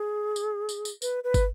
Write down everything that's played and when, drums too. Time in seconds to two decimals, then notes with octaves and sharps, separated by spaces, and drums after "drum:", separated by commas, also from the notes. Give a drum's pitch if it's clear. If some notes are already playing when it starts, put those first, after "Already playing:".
Already playing: G#4
0.36 drum: tambourine
0.69 drum: tambourine
0.85 drum: tambourine
1.02 B4, drum: tambourine
1.24 B4
1.34 drum: kick, tambourine